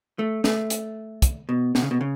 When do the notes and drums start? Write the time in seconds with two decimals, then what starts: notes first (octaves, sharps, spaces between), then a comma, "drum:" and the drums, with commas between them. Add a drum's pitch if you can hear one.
0.19 A3
0.44 A3, drum: snare
0.70 drum: hi-hat
1.22 drum: kick, hi-hat
1.49 B2
1.75 B2, drum: snare
1.82 C#3
1.91 B2
2.01 C#3